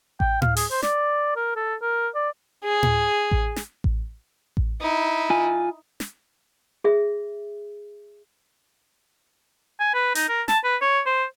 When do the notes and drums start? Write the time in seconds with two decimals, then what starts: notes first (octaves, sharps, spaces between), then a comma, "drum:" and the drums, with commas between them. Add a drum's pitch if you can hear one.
0.20 G5, drum: kick A1
0.42 F5, drum: tom A2
0.57 G#4, drum: open hi-hat
0.71 C5
0.82 D5, drum: snare
1.36 A#4
1.56 A4
1.82 A#4
2.15 D5
2.64 G#4
2.83 drum: tom A2
3.31 drum: kick A1
3.56 drum: snare
3.84 drum: kick A1
4.57 drum: kick A1
4.81 D#4 E4
5.30 F4 G#5
6.00 drum: snare
6.84 G#4 E5
9.80 G#5
9.94 B4
10.15 D#4, drum: hi-hat
10.29 A#4
10.48 A5, drum: snare
10.64 B4
10.82 C#5
11.06 C5